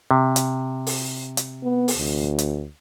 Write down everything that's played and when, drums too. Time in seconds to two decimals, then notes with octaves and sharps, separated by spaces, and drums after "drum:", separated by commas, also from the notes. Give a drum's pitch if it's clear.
0.11 C3
0.36 drum: hi-hat
0.87 drum: open hi-hat
1.37 drum: hi-hat
1.63 B3
1.88 drum: open hi-hat
1.97 D2
2.38 drum: hi-hat